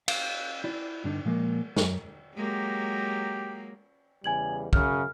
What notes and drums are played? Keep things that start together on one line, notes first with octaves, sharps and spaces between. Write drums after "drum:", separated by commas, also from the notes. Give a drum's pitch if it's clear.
F5, drum: cymbal
E4 D5
G2 D3 D4 D#4
A#2 F3 G#3 A#3
F#2, drum: snare
F#3 G#3 A#3 G4
E2 C#3 G3 G#5 G#6 F#7
F#2 C#3 F6, drum: kick